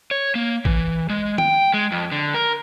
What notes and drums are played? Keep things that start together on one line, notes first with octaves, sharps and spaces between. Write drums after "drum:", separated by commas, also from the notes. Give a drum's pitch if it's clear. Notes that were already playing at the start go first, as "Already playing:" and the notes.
C#5
A#3
E3, drum: kick
G#3
G5, drum: tom D#3
G#3
F2
D3
A#4